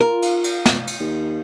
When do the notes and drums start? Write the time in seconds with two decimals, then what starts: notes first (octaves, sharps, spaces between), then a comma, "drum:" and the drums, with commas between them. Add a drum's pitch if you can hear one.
0.01 F4 A#4
0.22 drum: cymbal
0.44 drum: cymbal
0.66 drum: snare
0.87 drum: cymbal
1.00 D#2